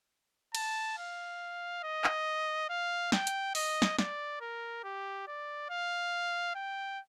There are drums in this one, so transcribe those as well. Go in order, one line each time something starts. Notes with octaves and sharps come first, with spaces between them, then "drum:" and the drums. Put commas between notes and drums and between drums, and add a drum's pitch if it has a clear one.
A5, drum: cymbal
F5
D#5
drum: clap
F5
G5, drum: snare
drum: hi-hat
D#5, drum: open hi-hat
drum: snare
D5, drum: snare
A#4
G4
D5
F5
G5